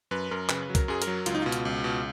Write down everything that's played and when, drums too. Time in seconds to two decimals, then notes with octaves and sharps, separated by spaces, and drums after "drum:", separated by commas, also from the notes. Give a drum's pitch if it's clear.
0.11 F#2 B4
0.31 F#2 A#4
0.49 C#3 B4, drum: clap
0.70 F#3
0.75 A#4, drum: kick, hi-hat
0.88 F#2 G#4
1.02 A#4, drum: hi-hat
1.07 F#3
1.26 C#2 F4, drum: hi-hat
1.35 D#4
1.42 B2 F4
1.52 drum: hi-hat
1.65 C#2
1.84 B2